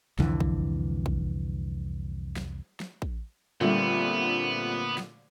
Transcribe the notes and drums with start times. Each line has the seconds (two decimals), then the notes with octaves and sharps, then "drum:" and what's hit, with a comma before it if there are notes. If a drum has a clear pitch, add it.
0.19 C2 F2 D3 E3, drum: snare
0.40 drum: kick
1.06 drum: kick
2.36 drum: snare
2.80 drum: snare
3.02 drum: kick
3.61 A#2 D3 G3 A3 B3 C4
4.98 drum: snare